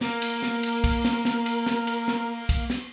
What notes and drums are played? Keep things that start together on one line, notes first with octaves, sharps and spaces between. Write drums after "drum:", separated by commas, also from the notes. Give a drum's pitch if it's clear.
A#3 A#4, drum: snare
drum: cymbal
drum: snare
drum: cymbal
drum: kick, cymbal
drum: snare
drum: snare
drum: cymbal
drum: snare
drum: cymbal
drum: snare
drum: kick, cymbal
drum: snare